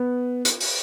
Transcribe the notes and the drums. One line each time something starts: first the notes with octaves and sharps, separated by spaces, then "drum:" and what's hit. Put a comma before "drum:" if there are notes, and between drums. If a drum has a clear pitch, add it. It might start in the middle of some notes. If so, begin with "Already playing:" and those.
Already playing: B3
drum: hi-hat
drum: open hi-hat